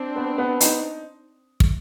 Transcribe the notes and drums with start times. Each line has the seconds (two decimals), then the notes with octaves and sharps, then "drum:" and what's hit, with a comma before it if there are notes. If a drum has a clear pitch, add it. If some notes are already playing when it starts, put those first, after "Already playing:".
Already playing: C4 D4
0.16 B3
0.38 B3
0.61 D#4, drum: hi-hat
1.60 drum: kick